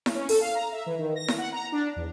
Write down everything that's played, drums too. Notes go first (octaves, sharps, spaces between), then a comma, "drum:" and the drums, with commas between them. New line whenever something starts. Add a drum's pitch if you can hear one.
drum: snare E4
C#4
A4, drum: open hi-hat
F5
A#5
E5
E3
D#3
A#6
drum: snare E4
F#5
A#5
D4
E2